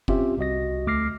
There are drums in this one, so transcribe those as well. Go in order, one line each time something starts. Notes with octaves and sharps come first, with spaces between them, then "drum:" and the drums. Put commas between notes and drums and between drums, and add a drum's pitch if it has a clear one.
C4 C#4 F4 G4 E5, drum: kick F#1
C2 F#4 D#5 A#6
D2 A3 D6 F6 A#6 C7